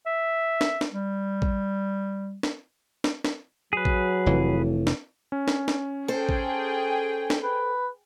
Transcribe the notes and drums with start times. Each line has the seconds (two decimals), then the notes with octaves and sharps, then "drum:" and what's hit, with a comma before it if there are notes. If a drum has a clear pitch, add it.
0.06 E5
0.61 drum: snare
0.81 drum: snare
0.92 G3
1.42 drum: kick A1
2.43 drum: snare
3.04 drum: snare
3.24 drum: snare
3.73 F#3 G#4 B4
3.85 drum: kick A1
4.26 F1 F2 A2 E3
4.87 drum: snare
5.32 C#4
5.48 drum: snare
5.68 drum: snare
6.08 G#4 A4 C5 G5
6.29 drum: kick A1
7.30 drum: snare
7.43 B4